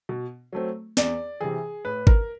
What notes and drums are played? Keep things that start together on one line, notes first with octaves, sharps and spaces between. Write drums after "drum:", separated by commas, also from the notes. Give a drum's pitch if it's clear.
B2
F#3 A3 C4
E2 D5, drum: snare
C3 E3 G#4
A2 B4
A#4, drum: kick G#1